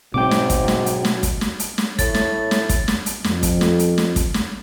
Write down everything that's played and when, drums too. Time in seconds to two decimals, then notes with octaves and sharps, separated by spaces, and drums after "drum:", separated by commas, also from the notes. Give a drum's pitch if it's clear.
0.14 G#2 B2 F#3 C4 G5 D6
0.31 drum: snare
0.50 drum: kick, hi-hat
0.68 drum: snare
0.86 drum: hi-hat
1.05 drum: snare
1.23 drum: kick, hi-hat
1.41 drum: snare
1.60 drum: hi-hat
1.78 drum: snare
1.99 A2 C#5 A6, drum: kick, hi-hat
2.14 drum: snare
2.51 drum: snare
2.69 drum: kick, hi-hat
2.88 drum: snare
3.06 drum: hi-hat
3.24 F2, drum: snare
3.43 drum: kick, hi-hat
3.61 drum: snare
3.79 drum: hi-hat
3.98 drum: snare
4.16 drum: kick, hi-hat
4.34 drum: snare